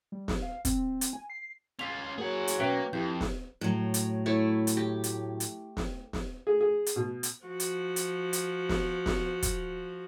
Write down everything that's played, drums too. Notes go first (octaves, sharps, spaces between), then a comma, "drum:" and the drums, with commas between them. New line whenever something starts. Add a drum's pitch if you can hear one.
G3
drum: snare
F5
C4, drum: kick, hi-hat
drum: hi-hat
G#5
C7
C#4 F4 B6 F7
F#3 A#3 G#4 F#5
drum: hi-hat
B2 A#3 C#4 B4 E5 G5 C#7
F2 E4 G4 G6
drum: snare
A2 F#3
drum: hi-hat
A3 E4 C#5
drum: hi-hat
G4
drum: hi-hat
drum: hi-hat
drum: snare
drum: snare
G#4
G#4
drum: hi-hat
B2
drum: hi-hat
F3 F#4
drum: hi-hat
drum: hi-hat
drum: hi-hat
drum: snare
drum: snare
drum: kick, hi-hat